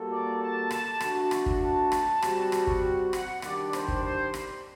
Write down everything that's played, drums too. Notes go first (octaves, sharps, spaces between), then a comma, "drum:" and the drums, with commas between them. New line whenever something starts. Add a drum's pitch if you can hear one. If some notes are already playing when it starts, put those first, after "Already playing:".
Already playing: G3 A#3 F#4 A4
D5
A5
A5, drum: rim click
A3 D4 F#4 A5, drum: rim click
drum: rim click
drum: kick
A5
drum: rim click
G3 C4 F#4, drum: rim click
drum: rim click
drum: kick
F#5, drum: rim click
D#3 G3 D4 G4 D5, drum: rim click
C5, drum: rim click
drum: kick
C5
drum: rim click